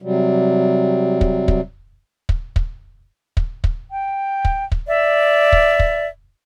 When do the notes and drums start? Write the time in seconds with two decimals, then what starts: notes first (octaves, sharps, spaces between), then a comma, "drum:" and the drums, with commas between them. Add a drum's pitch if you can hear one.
0.02 C3 F#3 G3
1.21 drum: kick
1.48 drum: kick
2.29 drum: kick
2.56 drum: kick
3.37 drum: kick
3.64 drum: kick
3.91 G5
4.45 drum: kick
4.72 drum: kick
4.86 D5 E5
5.52 drum: kick
5.79 drum: kick